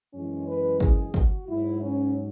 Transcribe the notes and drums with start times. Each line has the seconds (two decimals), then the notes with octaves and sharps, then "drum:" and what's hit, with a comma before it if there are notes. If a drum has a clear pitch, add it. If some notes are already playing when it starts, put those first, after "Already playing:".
0.13 F#2 E3 G#3 C#4
0.47 B4
0.80 G#4, drum: kick
1.14 F#4, drum: kick
1.47 G#2 F#3 E4
1.81 C#4